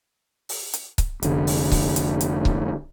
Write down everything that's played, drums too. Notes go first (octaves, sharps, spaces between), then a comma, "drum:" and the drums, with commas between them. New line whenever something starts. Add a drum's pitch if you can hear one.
drum: open hi-hat
drum: hi-hat
drum: kick C#1, hi-hat
F1 D3, drum: hi-hat
drum: open hi-hat
drum: kick C#1, open hi-hat
drum: hi-hat
drum: hi-hat
drum: kick C#1